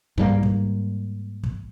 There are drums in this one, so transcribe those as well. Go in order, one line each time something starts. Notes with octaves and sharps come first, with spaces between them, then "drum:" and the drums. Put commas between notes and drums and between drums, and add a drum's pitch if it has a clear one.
G#2 G3 A#3, drum: kick
drum: kick
drum: kick